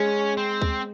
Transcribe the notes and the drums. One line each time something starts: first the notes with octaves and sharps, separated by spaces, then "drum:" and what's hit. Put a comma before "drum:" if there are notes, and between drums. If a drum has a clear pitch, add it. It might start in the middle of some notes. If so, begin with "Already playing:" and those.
Already playing: G#3 C#4
C4
drum: kick D2